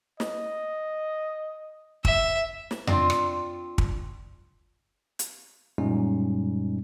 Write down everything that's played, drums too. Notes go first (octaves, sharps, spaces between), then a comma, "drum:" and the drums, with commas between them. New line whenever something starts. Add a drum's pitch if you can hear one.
D#5, drum: snare
E5, drum: kick
drum: snare
C4 D4 F4 D5, drum: tom F2
drum: rim click
drum: kick
drum: hi-hat
F#2 A#2 G3 G#3 C#4 D#4